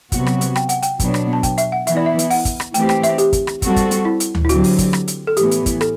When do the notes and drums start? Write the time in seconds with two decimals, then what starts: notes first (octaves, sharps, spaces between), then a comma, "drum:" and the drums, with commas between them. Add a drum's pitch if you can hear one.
0.12 C3 F#3 B3 F#4, drum: kick, hi-hat
0.26 drum: rim click
0.41 drum: hi-hat
0.56 G5, drum: rim click
0.69 F#5, drum: hi-hat
0.82 G5, drum: hi-hat
1.00 B2 F#3 B3 D4, drum: kick, hi-hat
1.14 drum: rim click
1.33 A5
1.43 G5, drum: kick, hi-hat
1.58 E5, drum: hi-hat
1.72 F#5
1.87 E3 B3 E4 E5, drum: hi-hat
1.97 D5
2.06 E5
2.19 E5, drum: hi-hat
2.30 F#5, drum: open hi-hat
2.45 drum: kick, hi-hat
2.60 drum: rim click
2.74 E3 A3 C4 G4 G5, drum: hi-hat
2.89 G5, drum: rim click
3.03 E5, drum: hi-hat
3.18 G4, drum: hi-hat
3.33 drum: kick, hi-hat
3.47 drum: rim click
3.62 G3 C4 F#4 A4, drum: kick, hi-hat
3.76 drum: kick, hi-hat
3.91 drum: hi-hat
4.05 E4
4.20 drum: hi-hat
4.35 drum: tom D2
4.45 E4
4.49 D3 F#3 C4 F#4 G4, drum: hi-hat
4.64 drum: open hi-hat
4.78 drum: kick, hi-hat
4.93 drum: rim click
5.08 drum: hi-hat
5.27 A4
5.37 A2 E3 B3 G4, drum: hi-hat
5.51 drum: hi-hat
5.66 drum: kick, hi-hat
5.81 A4, drum: rim click